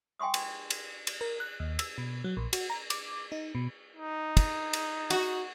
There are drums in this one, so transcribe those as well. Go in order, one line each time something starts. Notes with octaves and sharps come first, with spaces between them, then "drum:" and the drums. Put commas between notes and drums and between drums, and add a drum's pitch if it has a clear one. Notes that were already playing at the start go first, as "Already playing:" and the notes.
G5 G#5 C6 C#6 D#6
drum: cymbal
drum: cymbal
drum: cymbal
A#4
F#6
D#2
E6, drum: cymbal
B2
F#3
A#1
F#4, drum: cymbal
A#5
D6, drum: cymbal
D#4
B2
D#4
drum: kick, cymbal
drum: cymbal
F#4, drum: cymbal